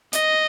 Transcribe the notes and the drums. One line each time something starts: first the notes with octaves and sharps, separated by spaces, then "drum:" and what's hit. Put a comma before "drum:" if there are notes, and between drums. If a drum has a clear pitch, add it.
D#5, drum: hi-hat